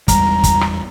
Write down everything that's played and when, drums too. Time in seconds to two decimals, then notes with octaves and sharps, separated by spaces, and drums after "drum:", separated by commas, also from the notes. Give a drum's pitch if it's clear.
0.08 E2 G3 G#3 A#5, drum: kick, hi-hat
0.44 drum: kick, hi-hat
0.61 drum: rim click